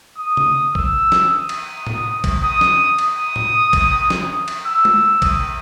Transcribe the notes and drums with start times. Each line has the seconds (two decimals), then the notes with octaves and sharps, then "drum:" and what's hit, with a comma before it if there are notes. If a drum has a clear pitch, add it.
0.18 D#6
0.37 drum: tom C#3
0.75 E6, drum: kick
1.12 drum: snare
1.30 D#6
1.49 drum: cymbal
1.87 drum: tom A2
2.24 drum: kick, cymbal
2.42 D#6
2.61 drum: snare
2.98 D#6, drum: cymbal
3.36 drum: tom A2
3.73 drum: kick, cymbal
4.10 drum: snare
4.48 drum: cymbal
4.66 E6
4.85 drum: tom G#3
5.22 D#6, drum: kick, cymbal